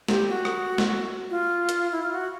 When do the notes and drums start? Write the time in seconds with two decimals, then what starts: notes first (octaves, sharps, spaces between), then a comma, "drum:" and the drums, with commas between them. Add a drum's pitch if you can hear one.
0.08 G4, drum: snare
0.29 F#4
0.45 drum: rim click
0.78 drum: snare
1.30 F4
1.69 drum: hi-hat
1.92 E4
2.02 F4
2.12 F#4